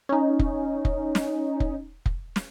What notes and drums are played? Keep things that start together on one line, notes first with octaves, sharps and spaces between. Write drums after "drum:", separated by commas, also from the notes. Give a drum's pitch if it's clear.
C#4 D#4
drum: kick F1
drum: kick F1
drum: snare
drum: kick F1
drum: kick F1
drum: snare